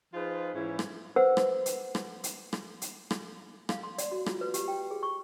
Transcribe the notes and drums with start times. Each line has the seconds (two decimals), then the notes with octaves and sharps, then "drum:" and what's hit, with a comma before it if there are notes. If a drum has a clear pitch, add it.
0.13 F3 D#4 F4 G#4 B4
0.54 G#2 E3 C#4 E4
0.79 drum: rim click
1.16 B4 C5 F#5 E6
1.37 drum: rim click
1.66 drum: hi-hat
1.95 drum: rim click
2.24 drum: hi-hat
2.53 drum: rim click
2.82 drum: hi-hat
3.11 drum: rim click
3.69 F5, drum: rim click
3.83 C6
3.98 D5, drum: hi-hat
4.12 F#4
4.26 F4, drum: rim click
4.41 B4
4.54 G4, drum: hi-hat
4.68 G5
4.91 G#4
5.03 C#6